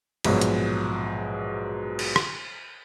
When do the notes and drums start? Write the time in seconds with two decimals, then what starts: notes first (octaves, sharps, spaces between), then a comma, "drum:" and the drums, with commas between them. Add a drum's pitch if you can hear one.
0.24 A#1 G#2 B2 F#3, drum: cymbal
0.41 drum: hi-hat
1.99 drum: cymbal
2.16 drum: rim click